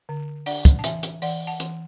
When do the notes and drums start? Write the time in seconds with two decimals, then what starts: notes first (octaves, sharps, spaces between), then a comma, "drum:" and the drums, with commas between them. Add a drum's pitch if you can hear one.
0.09 D3
0.46 D4 D5 F#5, drum: open hi-hat
0.65 drum: kick, hi-hat
0.79 A5
0.84 E3 E5 G#5, drum: hi-hat
1.03 drum: hi-hat
1.22 E3 D5 F#5, drum: open hi-hat
1.47 F#5 A5
1.60 E3, drum: hi-hat